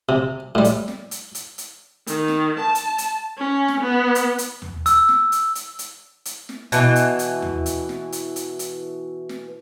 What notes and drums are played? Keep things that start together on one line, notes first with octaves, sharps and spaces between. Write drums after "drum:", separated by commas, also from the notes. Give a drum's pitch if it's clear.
C3
A2 G3
drum: hi-hat
drum: snare
drum: hi-hat
drum: hi-hat
drum: hi-hat
D#3, drum: hi-hat
drum: snare
A5
drum: hi-hat
drum: hi-hat
C#4
drum: snare
B3
drum: hi-hat
drum: hi-hat
drum: tom D#2
E6, drum: hi-hat
drum: snare
drum: hi-hat
drum: hi-hat
drum: hi-hat
drum: hi-hat
drum: snare
B2 E3, drum: hi-hat
drum: hi-hat
drum: hi-hat
drum: tom D#2
drum: hi-hat
drum: snare
drum: hi-hat
drum: hi-hat
drum: hi-hat
drum: snare